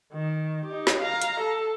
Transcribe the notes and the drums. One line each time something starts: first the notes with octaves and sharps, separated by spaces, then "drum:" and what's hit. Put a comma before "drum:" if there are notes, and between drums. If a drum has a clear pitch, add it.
D#3
D#4 G4
drum: snare
F5 A#5
drum: hi-hat
A4